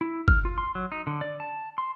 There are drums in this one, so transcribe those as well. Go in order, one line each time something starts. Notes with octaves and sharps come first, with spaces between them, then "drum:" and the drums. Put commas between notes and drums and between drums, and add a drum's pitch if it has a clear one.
E4
F6, drum: kick
F4
C6
F#3
D#4
D3
D5
A5
C6